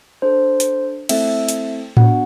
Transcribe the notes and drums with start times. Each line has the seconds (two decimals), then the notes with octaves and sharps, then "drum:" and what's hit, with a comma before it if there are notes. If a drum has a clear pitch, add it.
0.22 D4 A4 C5
0.60 drum: hi-hat
1.09 A3 C4 E4 A4 E5, drum: cymbal
1.49 drum: hi-hat
1.97 B3 D4 F#4 F#5, drum: tom A2